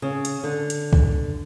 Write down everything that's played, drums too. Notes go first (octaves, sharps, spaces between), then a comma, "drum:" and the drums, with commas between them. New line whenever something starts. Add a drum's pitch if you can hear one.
C#3
drum: hi-hat
D3
drum: hi-hat
drum: kick